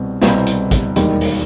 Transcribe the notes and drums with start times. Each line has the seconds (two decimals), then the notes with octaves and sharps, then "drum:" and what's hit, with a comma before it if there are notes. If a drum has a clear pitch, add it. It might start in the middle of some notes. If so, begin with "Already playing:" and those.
Already playing: C2 B2 G3 C4
0.22 C2 B2 G3 C4 E4, drum: snare
0.47 drum: hi-hat
0.71 drum: kick, hi-hat
0.96 E1 D#2 D#3 G3, drum: hi-hat
1.21 drum: open hi-hat